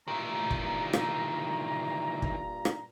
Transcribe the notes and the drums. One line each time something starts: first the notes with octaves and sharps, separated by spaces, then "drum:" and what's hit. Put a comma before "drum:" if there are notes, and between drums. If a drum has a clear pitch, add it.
G2 A#2 D#3 E3 A#5
drum: kick
drum: rim click
drum: kick
drum: rim click